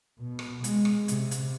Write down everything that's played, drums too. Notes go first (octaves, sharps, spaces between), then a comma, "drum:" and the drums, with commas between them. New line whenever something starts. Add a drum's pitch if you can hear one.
B2
drum: rim click
G#3, drum: hi-hat
drum: rim click
C3, drum: hi-hat
drum: hi-hat